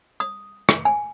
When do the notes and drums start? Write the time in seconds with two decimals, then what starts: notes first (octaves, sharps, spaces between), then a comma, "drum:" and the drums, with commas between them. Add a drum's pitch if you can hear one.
0.20 D#6
0.69 drum: rim click
0.85 G#5